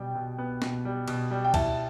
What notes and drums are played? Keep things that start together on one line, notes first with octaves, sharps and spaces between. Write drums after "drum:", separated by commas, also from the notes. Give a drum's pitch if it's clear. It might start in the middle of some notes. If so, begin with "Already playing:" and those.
Already playing: B2 G3 G5
B2
B3
B2, drum: snare
G3
B2, drum: cymbal
G3
G5
E4 A5, drum: kick, cymbal